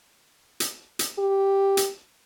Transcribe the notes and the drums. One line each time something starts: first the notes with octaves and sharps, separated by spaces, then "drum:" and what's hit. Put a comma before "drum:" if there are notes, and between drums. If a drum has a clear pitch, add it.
drum: hi-hat
drum: hi-hat
G4
drum: hi-hat